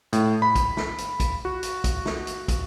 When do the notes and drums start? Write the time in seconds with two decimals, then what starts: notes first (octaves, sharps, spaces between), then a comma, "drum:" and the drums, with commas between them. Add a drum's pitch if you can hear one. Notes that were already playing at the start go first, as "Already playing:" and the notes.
0.13 A2, drum: hi-hat
0.42 B5
0.55 drum: kick, hi-hat
0.77 drum: snare
0.98 drum: hi-hat
1.20 drum: kick, hi-hat
1.45 F#4
1.63 drum: hi-hat
1.84 drum: kick, hi-hat
2.06 drum: snare
2.27 drum: hi-hat
2.48 drum: kick, hi-hat